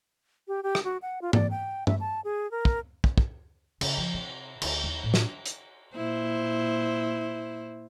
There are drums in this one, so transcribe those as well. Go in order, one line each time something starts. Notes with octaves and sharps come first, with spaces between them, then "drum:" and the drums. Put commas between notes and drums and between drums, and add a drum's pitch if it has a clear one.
G4
G4
drum: rim click
F#4
F#5
F4
D5, drum: tom G#2
G5
E5, drum: tom G2
A5
G#4
A#4
drum: kick
drum: kick
drum: kick
C#3, drum: cymbal
F3
C3
D2, drum: cymbal
D#2
A2
drum: snare
drum: hi-hat
A#2 E4 C5